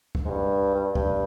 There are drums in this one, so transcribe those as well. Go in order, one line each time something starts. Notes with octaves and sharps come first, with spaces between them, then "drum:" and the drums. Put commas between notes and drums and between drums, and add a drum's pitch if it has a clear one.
drum: kick
G#2
G2
G2
G2, drum: kick